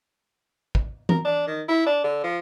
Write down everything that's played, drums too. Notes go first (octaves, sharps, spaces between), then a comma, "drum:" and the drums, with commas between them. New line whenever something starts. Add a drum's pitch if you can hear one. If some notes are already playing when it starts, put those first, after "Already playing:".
drum: kick
A#4, drum: tom E3
D4
D#3
E4
D4
D3
F3